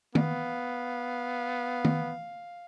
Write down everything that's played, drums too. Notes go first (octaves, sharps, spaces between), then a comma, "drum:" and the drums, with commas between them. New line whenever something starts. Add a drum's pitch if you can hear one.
B3 F5, drum: tom D#3
drum: tom D#3